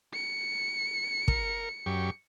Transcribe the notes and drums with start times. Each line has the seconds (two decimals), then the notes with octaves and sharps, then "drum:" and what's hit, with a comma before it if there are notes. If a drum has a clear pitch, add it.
0.13 C#7
1.28 A#4, drum: kick
1.86 F#2 G4 C#6